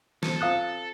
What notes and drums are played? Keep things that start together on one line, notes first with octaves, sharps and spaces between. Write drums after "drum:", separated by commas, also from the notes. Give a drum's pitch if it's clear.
F#4 A4 C5, drum: snare
C4 F4 C5 F5 D#6 F#6